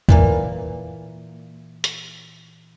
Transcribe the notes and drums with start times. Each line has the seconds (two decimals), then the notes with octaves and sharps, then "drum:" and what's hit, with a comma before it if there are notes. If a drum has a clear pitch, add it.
0.09 A#2 E3 A#3, drum: kick
1.84 drum: hi-hat